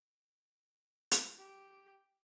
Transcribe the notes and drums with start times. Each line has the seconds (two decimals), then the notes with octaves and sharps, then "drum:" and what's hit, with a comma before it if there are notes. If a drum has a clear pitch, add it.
1.11 drum: hi-hat
1.38 G4